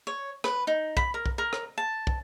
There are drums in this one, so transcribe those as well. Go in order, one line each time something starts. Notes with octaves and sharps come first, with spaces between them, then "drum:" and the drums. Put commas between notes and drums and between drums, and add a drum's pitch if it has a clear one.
C#5
B4, drum: rim click
D#4
B5, drum: kick
A#4
drum: kick
A#4
drum: rim click
A5
drum: kick